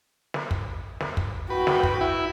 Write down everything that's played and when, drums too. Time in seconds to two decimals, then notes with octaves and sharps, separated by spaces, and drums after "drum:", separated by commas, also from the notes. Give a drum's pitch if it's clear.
0.34 drum: snare
0.51 drum: kick
1.00 drum: snare
1.17 drum: kick
1.50 F#4 B4 G5
1.67 drum: snare
1.83 drum: kick
2.01 E4